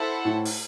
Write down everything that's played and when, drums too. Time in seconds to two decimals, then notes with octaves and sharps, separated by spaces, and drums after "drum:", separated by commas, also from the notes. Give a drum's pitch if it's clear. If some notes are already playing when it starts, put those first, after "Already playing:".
Already playing: E4 A4 C5 F#5
0.25 A2
0.45 drum: open hi-hat